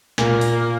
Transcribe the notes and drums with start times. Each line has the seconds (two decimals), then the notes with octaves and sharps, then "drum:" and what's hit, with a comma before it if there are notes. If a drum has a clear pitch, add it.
0.18 A#2 A#3, drum: snare
0.41 drum: open hi-hat